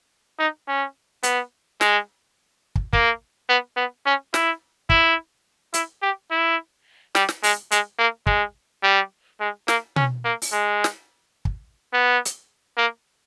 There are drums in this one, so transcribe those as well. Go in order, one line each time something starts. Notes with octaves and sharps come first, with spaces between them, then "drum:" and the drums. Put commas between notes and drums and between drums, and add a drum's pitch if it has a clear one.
D#4
C#4
B3, drum: hi-hat
G#3, drum: snare
drum: kick
A#3, drum: kick
B3
B3
C#4
E4, drum: snare
E4, drum: kick
E4, drum: hi-hat
G4
E4
G3, drum: snare
drum: snare
G#3, drum: open hi-hat
G#3, drum: hi-hat
A#3
G#3, drum: kick
G3
G#3
A#3, drum: snare
C#4, drum: tom B2
A#3
drum: open hi-hat
G#3
drum: snare
drum: kick
B3
drum: hi-hat
A#3